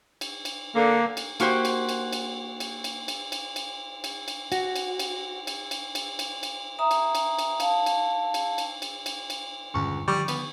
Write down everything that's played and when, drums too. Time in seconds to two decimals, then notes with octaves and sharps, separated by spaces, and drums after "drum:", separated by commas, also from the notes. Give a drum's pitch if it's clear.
0.21 drum: cymbal
0.45 drum: cymbal
0.75 D3 A#3
1.17 drum: cymbal
1.40 A#3 F#4 G4 C5, drum: cymbal
1.65 drum: cymbal
1.89 drum: cymbal
2.13 drum: cymbal
2.60 drum: cymbal
2.84 drum: cymbal
3.08 drum: cymbal
3.32 drum: cymbal
3.56 drum: cymbal
4.04 drum: cymbal
4.28 drum: cymbal
4.52 F#4, drum: cymbal
4.76 drum: cymbal
4.99 drum: cymbal
5.47 drum: cymbal
5.71 drum: cymbal
5.95 drum: cymbal
6.19 drum: cymbal
6.43 drum: cymbal
6.79 E5 A#5 D#6
6.91 drum: cymbal
7.15 drum: cymbal
7.39 drum: cymbal
7.60 F5 A5, drum: cymbal
7.86 drum: cymbal
8.34 drum: cymbal
8.58 drum: cymbal
8.82 drum: cymbal
9.06 drum: cymbal
9.30 drum: cymbal
9.74 E1 C#2 G2 D3 C#6
10.08 D3 D#3 F3 G3 C#6 D#6
10.28 B3, drum: cymbal